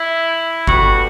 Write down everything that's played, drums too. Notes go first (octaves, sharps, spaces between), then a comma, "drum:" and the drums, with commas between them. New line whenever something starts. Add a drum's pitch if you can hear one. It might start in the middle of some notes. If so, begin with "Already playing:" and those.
Already playing: E4
D3 G3 B3 F#4, drum: kick G1